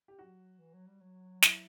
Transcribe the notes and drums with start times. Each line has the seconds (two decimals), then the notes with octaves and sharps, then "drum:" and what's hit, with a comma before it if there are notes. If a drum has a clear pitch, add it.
0.08 G4
0.19 F#3 F#4
0.59 E3
0.74 F#3
0.87 G3
1.01 F#3
1.42 E4, drum: snare